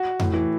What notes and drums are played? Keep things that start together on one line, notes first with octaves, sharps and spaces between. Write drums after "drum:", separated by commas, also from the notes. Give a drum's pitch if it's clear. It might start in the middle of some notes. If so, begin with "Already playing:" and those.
Already playing: F#4
A2, drum: tom F2
E3